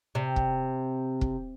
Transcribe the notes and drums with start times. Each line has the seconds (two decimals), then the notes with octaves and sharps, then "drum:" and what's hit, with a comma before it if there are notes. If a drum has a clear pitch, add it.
0.15 C3
0.36 drum: kick
1.21 drum: kick